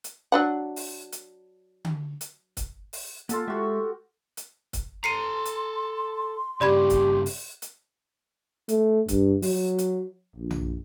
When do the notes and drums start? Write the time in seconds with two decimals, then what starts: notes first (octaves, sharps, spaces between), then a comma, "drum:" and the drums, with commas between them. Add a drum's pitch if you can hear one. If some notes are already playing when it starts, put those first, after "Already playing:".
0.04 drum: hi-hat
0.32 F#3 D4 F#5
0.76 drum: open hi-hat
1.12 drum: hi-hat
1.85 drum: tom D3
2.21 drum: hi-hat
2.57 drum: kick C#1, hi-hat
2.93 drum: open hi-hat
3.29 A#3 F4 A4 F#5, drum: hi-hat
3.47 G#3 F#4 G4 E5
4.37 drum: hi-hat
4.73 drum: kick C#1, hi-hat
5.04 A4 A#5 C6 C7 C#7 D#7
5.45 drum: hi-hat
6.61 G2 C#3 G4 D5 B5 G#6
6.90 drum: kick C#1, hi-hat
7.26 drum: open hi-hat
7.62 drum: hi-hat
8.69 A3, drum: hi-hat
9.08 G2, drum: kick C#1, hi-hat
9.42 F#3, drum: open hi-hat
9.78 drum: hi-hat
10.36 A#1
10.51 drum: tom B1